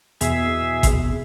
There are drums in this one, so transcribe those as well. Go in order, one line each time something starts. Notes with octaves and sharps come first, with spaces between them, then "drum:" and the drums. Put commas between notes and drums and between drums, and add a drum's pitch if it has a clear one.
E2 B2 G#4 E5, drum: hi-hat
drum: kick G#1, hi-hat